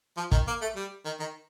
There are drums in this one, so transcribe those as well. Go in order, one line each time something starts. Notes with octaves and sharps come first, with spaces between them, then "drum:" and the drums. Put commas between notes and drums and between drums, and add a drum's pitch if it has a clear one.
F3
D#3, drum: kick
A#3
A3
G3
D#3
D#3